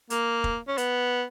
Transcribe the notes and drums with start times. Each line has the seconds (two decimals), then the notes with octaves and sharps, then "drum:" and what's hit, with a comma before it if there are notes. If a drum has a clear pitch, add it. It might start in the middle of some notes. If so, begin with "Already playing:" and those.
0.10 A#3, drum: hi-hat
0.44 drum: kick
0.68 C#4
0.78 B3, drum: hi-hat